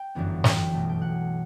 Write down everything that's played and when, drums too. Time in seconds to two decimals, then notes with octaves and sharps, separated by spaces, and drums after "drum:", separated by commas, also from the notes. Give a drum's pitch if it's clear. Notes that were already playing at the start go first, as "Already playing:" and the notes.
Already playing: G5
0.15 G1 F#2 E3 B3
0.44 G5, drum: snare
0.73 B1 B2 A3
0.89 G5
1.02 F#5